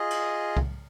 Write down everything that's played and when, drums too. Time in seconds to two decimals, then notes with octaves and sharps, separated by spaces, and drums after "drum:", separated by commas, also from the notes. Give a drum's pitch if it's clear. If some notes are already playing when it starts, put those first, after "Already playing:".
Already playing: F4 G#4 D#5
0.10 drum: cymbal
0.57 drum: kick C2